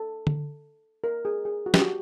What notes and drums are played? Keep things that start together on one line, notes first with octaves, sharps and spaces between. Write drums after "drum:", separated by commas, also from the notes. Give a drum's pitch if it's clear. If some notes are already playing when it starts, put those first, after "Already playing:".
Already playing: A4
drum: tom D3
A#4
G#4
G#4
F#4
G4, drum: snare
F#4